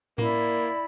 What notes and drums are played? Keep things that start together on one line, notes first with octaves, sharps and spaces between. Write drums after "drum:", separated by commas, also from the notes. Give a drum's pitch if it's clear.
A#3 E4 D5 B5, drum: tom A2